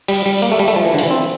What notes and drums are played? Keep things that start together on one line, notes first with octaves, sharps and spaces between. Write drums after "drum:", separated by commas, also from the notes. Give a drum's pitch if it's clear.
G3, drum: cymbal
G3
A#3, drum: hi-hat
A3
G3
A3
F3
E3
D3
F3, drum: open hi-hat
E3
C4